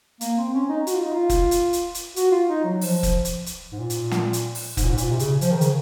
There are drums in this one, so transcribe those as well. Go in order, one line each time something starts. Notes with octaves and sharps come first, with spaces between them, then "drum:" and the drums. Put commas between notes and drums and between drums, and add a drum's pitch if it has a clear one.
A#3, drum: hi-hat
C4
C#4
D#4
F#4, drum: hi-hat
F4
D#4
F4
drum: kick, hi-hat
drum: hi-hat
drum: hi-hat
drum: hi-hat
F#4, drum: hi-hat
F4
D#4
F#3
F3, drum: open hi-hat
drum: kick, hi-hat
drum: hi-hat
drum: hi-hat
G#2
A#2
drum: hi-hat
drum: snare
drum: hi-hat
drum: open hi-hat
G#2, drum: kick, hi-hat
A#2
G#2
A#2, drum: hi-hat
C3
C#3, drum: hi-hat
F3, drum: hi-hat
D#3
C#3, drum: hi-hat